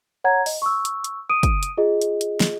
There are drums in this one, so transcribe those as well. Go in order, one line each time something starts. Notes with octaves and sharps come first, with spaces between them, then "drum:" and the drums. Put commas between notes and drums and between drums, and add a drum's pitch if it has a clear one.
C#5 F#5 A#5 G#6
D#5, drum: open hi-hat
C#6 E6
drum: hi-hat
drum: hi-hat
D#6 D7 D#7
drum: kick, hi-hat
drum: hi-hat
F4 G#4 D#5
drum: hi-hat
drum: hi-hat
drum: snare